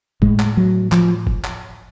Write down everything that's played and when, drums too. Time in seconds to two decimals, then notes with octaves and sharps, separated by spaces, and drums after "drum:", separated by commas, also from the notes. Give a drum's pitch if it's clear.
0.22 A2 G#3, drum: kick G1
0.39 drum: clap
0.57 F#3
0.92 F3, drum: clap
1.27 drum: kick G1
1.44 drum: clap